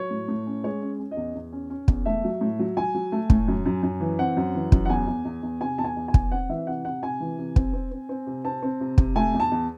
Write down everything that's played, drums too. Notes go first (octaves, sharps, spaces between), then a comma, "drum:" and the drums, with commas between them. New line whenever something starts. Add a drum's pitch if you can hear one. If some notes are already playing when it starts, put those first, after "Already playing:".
Already playing: F#3 C#5
A2
A2
C#4
G#3 C#5
C#4
C#4
D#5
E2
E2
C#4
C#4
E2, drum: kick
A3 E5
F#3
A2
F#3
F#3 G#5
F#3
A3
A2, drum: kick
F#2
F#2
F#2
E3
C4 F#5
F#2
E3
F#2, drum: kick
F#5
E2 G#5
E2
E2
E2
C3 G#5
E2 A5
G#5
E2
G#5
E2, drum: kick
C4 F#5
E3 E5
C3 F#5
C3 F#5
C3 G#5
E3
C3
C4, drum: kick
C4
C4
C4
C3
C4 A5
C4
C3
C3, drum: kick
A3 G#5
E2
A5
E2